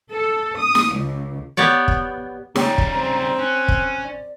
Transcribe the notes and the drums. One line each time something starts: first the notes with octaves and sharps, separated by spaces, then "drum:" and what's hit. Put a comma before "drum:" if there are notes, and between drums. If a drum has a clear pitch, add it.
A4
D#6
drum: snare
C#2
B3 G4 C#5 D5
drum: kick
C#3 G3 G#4 C#5 G5 A#5, drum: snare
drum: kick
C4
C#4 F#6
drum: kick
D5